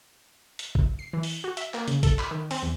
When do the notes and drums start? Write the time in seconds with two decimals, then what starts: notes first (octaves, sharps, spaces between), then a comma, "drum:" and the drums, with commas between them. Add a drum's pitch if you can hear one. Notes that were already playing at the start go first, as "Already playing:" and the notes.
0.59 drum: hi-hat
0.75 drum: kick G#1
0.99 C7
1.13 E3
1.23 drum: open hi-hat
1.44 F#4
1.57 E5, drum: hi-hat
1.74 A#3, drum: clap
1.88 C#3, drum: hi-hat
2.03 A4, drum: kick G#1, hi-hat
2.19 B5, drum: clap
2.31 D#3
2.51 C4, drum: open hi-hat
2.62 E2